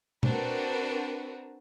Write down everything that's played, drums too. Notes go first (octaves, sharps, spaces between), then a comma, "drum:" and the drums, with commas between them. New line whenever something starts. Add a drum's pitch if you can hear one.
C4 D4 F#4 A#4 B4, drum: tom B2